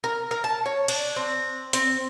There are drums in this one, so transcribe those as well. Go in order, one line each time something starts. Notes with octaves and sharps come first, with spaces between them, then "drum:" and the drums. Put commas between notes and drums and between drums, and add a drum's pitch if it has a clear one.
A#4
A#4
A5
C#5
D4, drum: cymbal
C4
C4, drum: hi-hat